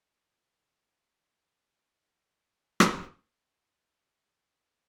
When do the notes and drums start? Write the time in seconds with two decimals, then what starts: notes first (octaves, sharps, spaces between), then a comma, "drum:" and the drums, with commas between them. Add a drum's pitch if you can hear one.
1.63 D5
2.10 B5 F#6
2.80 drum: rim click